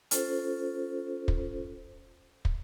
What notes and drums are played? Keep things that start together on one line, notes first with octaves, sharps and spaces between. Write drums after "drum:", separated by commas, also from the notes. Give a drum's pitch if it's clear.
C#4 F4 A4 C5, drum: hi-hat
drum: kick
drum: kick